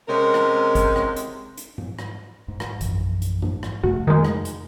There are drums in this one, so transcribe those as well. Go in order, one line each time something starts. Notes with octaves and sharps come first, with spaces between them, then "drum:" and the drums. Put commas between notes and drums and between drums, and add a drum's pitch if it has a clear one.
C3 G#3 C#4 A#4
drum: rim click
drum: kick, hi-hat
drum: rim click
drum: hi-hat
drum: hi-hat
drum: tom G#2
drum: rim click
G#2
drum: rim click
A#1 F#2 E3, drum: hi-hat
drum: hi-hat
drum: tom G#2
drum: rim click
F2 C3 A3 F#4
D#3 G#3
drum: rim click
drum: hi-hat